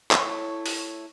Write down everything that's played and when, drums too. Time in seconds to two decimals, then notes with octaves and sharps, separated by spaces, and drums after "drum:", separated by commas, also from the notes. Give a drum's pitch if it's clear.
0.11 A3 E4 C#5, drum: clap
0.66 drum: open hi-hat